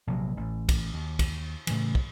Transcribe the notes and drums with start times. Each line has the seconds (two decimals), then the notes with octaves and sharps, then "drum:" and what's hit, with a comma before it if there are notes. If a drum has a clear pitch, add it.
0.07 A#1 C3 F#3
0.37 A1
0.69 drum: kick, cymbal
0.94 D#2
1.19 drum: kick, cymbal
1.67 A2 C#3 E3, drum: cymbal
1.95 drum: kick